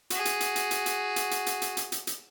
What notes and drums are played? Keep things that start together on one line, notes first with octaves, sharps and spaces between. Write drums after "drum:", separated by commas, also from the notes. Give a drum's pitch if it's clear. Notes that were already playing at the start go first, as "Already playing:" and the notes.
F#4 G#4, drum: hi-hat
drum: hi-hat
drum: hi-hat
drum: hi-hat
drum: hi-hat
drum: hi-hat
drum: hi-hat
drum: hi-hat
drum: hi-hat
drum: hi-hat
drum: hi-hat
drum: hi-hat
drum: hi-hat